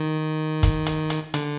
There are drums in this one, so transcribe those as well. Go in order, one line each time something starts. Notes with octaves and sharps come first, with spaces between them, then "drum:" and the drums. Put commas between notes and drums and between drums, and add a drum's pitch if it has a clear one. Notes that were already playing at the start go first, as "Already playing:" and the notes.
Already playing: D#3
drum: kick, hi-hat
drum: hi-hat
drum: hi-hat
D3, drum: hi-hat